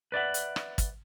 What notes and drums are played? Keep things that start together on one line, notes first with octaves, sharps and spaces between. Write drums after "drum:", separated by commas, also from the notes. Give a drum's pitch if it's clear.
B4 D5 E5 F#5
drum: hi-hat
drum: rim click
drum: kick, hi-hat